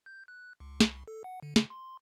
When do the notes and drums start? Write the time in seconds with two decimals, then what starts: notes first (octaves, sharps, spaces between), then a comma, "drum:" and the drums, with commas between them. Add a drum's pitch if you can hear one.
0.06 G6
0.28 F#6
0.60 C#2
0.80 C2, drum: snare
1.08 A4
1.24 F#5
1.42 D3
1.56 C#3, drum: snare
1.70 C6